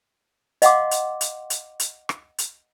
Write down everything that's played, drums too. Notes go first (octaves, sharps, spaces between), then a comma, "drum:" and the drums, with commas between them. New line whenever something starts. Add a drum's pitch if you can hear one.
D#5 F5 F#5 C6 D6, drum: hi-hat
drum: hi-hat
drum: hi-hat
drum: hi-hat
drum: hi-hat
drum: rim click
drum: hi-hat